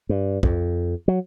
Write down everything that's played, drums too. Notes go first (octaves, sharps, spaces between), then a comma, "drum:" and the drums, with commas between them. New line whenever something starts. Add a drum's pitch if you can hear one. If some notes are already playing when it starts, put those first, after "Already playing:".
G2
F2, drum: kick
F#3